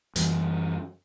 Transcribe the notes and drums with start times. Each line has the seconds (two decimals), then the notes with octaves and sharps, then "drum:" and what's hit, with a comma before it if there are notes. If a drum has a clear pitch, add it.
0.16 F#2 E3 G3, drum: hi-hat